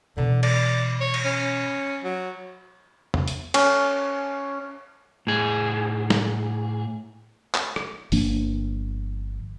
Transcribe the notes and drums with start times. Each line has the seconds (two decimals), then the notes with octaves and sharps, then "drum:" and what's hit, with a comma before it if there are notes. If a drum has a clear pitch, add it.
0.17 B2 D3 E3
0.43 D5, drum: cymbal
1.01 C#5
1.14 drum: cymbal
1.25 C#4
2.04 F#3
3.14 drum: tom
3.28 drum: hi-hat
3.54 C#4, drum: cymbal
5.27 A2 G#4
6.10 drum: snare
7.54 drum: clap
7.76 drum: rim click
8.12 G1 F3 A#3 D4, drum: open hi-hat